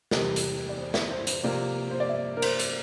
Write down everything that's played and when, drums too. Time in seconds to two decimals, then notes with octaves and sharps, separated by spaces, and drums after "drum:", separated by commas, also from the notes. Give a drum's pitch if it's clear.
0.11 E2 C3 G3 A#4, drum: snare
0.36 drum: hi-hat
0.69 D5
0.78 C5
0.94 E5, drum: snare
1.10 C5
1.27 C5, drum: hi-hat
1.43 C3 F3 A#3 D5
1.91 C5
2.00 D5
2.09 E5
2.37 A#4
2.42 C5, drum: cymbal
2.59 drum: hi-hat